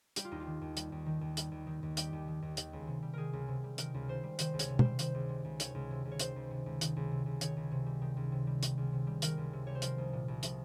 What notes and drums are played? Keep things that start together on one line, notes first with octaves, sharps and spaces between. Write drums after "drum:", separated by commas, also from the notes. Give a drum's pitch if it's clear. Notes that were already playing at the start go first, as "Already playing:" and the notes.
G3 G4, drum: hi-hat
F4
D#2 D#4
F4
D#3
D#2
G3, drum: hi-hat
D#2
D#3
D#2
G3, drum: hi-hat
D#2
D#3
D#2
G3 G4, drum: hi-hat
D#2
D#3
D#2
D#3, drum: hi-hat
C#2
C3
G3
D#3 G#4 A#4
C#2
C3
G3
D#3 A#4, drum: hi-hat
C#2
C3 C5
G3
D#3 C5, drum: hi-hat
C#2
C#5, drum: hi-hat
C3
C5, drum: tom
G3
D#3 C5, drum: hi-hat
C#2
C3
C#2
D#3 C#5, drum: hi-hat
C#2
C3
C#2
C#5
D#3 C5, drum: hi-hat
C#2
C3
C#2
D#3, drum: hi-hat
C#2
C3
C#2
D#3 C#5, drum: hi-hat
C#2
C3
G3
D#3
C#2
C3
G3
D#3, drum: hi-hat
C#2
C3
G3
D#3 A#4, drum: hi-hat
C#2
C3
G3 C#5
C5
F3 A#4, drum: hi-hat
C2
A#2
C2
F3, drum: hi-hat